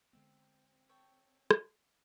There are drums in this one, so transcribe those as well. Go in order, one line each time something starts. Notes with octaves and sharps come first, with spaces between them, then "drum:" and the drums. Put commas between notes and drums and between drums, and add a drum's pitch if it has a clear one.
D3 G#3 B3 C4
A4 C#5 G5
drum: rim click